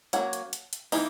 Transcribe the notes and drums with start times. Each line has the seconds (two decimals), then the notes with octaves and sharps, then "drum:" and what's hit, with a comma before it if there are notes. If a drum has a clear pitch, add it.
0.13 F#3 A#3 C#4 F#5, drum: hi-hat
0.33 drum: hi-hat
0.53 drum: hi-hat
0.73 drum: hi-hat
0.92 E3 A#3 D#4, drum: open hi-hat